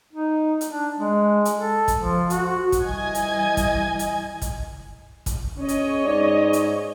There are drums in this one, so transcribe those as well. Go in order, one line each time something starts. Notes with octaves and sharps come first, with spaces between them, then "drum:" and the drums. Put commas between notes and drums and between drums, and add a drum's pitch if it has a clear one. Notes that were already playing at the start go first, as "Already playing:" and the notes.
D#4
drum: hi-hat
D4
G#3
drum: hi-hat
A4
drum: kick, hi-hat
F3
F#4, drum: hi-hat
drum: kick, hi-hat
E3 G3 D#5 G#5 G#6
drum: hi-hat
drum: kick, hi-hat
drum: hi-hat
drum: kick, hi-hat
drum: kick, hi-hat
C#4 G#4 C#5 D#5
drum: hi-hat
G#2 D5
drum: hi-hat